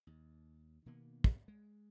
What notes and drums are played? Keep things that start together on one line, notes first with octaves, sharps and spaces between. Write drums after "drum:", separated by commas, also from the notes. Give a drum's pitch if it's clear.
D#2
B2 D#3 A#3 B3
drum: kick
G#3